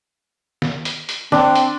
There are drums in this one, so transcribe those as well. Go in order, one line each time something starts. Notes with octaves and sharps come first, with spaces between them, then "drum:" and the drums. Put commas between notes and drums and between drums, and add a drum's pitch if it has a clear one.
drum: snare
drum: hi-hat
drum: hi-hat
C4 D4, drum: snare
drum: hi-hat